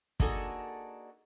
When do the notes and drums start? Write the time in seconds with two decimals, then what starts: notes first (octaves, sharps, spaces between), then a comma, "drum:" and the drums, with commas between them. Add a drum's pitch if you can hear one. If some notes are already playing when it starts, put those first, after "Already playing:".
0.20 A#3 D4 D#4 F#4 G#4 A4, drum: kick